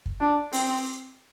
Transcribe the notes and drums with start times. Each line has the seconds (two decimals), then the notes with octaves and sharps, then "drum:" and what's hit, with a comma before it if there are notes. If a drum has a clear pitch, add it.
0.06 drum: kick
0.20 D4
0.53 C4, drum: open hi-hat